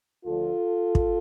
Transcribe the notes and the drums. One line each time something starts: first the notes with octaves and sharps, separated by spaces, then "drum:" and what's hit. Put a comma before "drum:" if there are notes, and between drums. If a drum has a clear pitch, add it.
D2 D3 F3 F4 A4
drum: kick